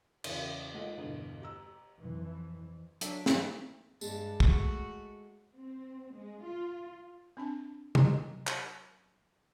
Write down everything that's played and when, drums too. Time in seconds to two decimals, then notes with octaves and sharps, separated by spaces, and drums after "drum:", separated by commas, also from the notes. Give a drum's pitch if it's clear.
0.24 E2 C#3 E3, drum: cymbal
0.74 G#3 D#4 F4 A4 D#5 F#5
0.97 E2 G2 B2 D3
1.42 G4 A#5 E6
2.00 F2 E3
3.01 F#3 D4 A4 E5 B6 D7, drum: hi-hat
3.26 A3 A#3 C4 D#4 E4, drum: snare
4.01 G2 G#3 A5, drum: tambourine
4.40 A3 F#4, drum: kick
5.57 C4
6.14 G#3
6.44 F4
7.37 C4 D4 A5
7.95 F#3 A#5, drum: tom C3
8.47 drum: clap